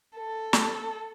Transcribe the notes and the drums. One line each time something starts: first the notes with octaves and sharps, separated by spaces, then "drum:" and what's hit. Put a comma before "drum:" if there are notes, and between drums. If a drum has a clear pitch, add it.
A4
drum: snare